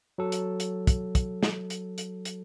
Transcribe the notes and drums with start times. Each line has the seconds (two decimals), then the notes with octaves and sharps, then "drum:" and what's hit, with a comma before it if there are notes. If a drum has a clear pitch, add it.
0.18 F#3 A4
0.32 drum: hi-hat
0.60 drum: hi-hat
0.87 drum: kick, hi-hat
1.15 drum: kick, hi-hat
1.43 drum: snare
1.70 drum: hi-hat
1.98 drum: hi-hat
2.25 drum: hi-hat